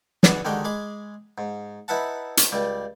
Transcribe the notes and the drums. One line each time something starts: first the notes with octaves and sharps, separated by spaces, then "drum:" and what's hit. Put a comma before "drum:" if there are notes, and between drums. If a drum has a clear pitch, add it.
G#4 B4 C#5 D5 F#5, drum: snare
D3 D#3 G#3 F#4 G4 D#5
G#3 G#4 B5 D6
G#2
D#4 E4 B4 E5 F#5 A5
drum: hi-hat
C#2 G3 D5